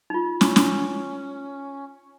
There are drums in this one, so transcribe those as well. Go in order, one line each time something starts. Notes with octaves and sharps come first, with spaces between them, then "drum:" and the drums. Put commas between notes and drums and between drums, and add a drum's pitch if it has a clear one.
D#4 F4
C#4, drum: snare
drum: snare